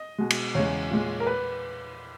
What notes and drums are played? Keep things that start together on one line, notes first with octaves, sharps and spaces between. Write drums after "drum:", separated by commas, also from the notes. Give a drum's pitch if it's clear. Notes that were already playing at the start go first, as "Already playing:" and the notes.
Already playing: D#5
B2 G#3
drum: cymbal
E2 C#3 G#3 C#5
A#2 G#3
A#4
B4